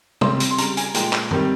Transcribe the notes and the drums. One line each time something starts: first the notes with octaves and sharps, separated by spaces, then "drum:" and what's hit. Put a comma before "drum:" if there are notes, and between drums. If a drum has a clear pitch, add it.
C3 G3 C6, drum: tom
drum: hi-hat
C6
C#3 G3 A#5, drum: hi-hat
G#5, drum: hi-hat
A#2 G#3 G5, drum: hi-hat
drum: clap
C3 D#3 G3, drum: tom